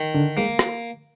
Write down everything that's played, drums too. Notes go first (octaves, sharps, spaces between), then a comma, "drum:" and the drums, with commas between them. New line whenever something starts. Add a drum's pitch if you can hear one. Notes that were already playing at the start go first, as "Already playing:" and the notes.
Already playing: D#3
D3
G#3 A#3
drum: rim click